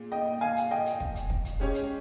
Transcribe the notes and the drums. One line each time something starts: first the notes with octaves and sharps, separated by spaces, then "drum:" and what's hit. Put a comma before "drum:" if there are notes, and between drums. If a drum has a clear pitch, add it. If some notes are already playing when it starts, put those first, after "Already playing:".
Already playing: A#2 G#3
D#5 G5
F5 G#5
drum: hi-hat
D#5 G5
drum: hi-hat
drum: kick
drum: hi-hat
drum: kick
drum: hi-hat
G#3 C#4 G4 C#5
drum: hi-hat